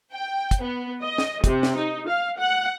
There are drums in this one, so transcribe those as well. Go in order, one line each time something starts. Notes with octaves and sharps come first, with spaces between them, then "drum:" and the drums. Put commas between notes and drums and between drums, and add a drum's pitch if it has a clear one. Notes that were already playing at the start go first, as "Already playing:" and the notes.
G5
drum: kick, hi-hat
B3
D#5
drum: snare
C3, drum: kick, hi-hat
drum: snare
D#4
F5
F#5